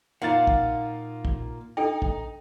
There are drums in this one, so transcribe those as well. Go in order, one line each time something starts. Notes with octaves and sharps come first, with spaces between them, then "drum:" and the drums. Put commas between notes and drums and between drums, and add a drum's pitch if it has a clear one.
A#2 A#3 D#4 F4 F5 F#5 A6
drum: kick A#1
drum: kick A#1
D4 D#4 A4 G5
drum: kick A#1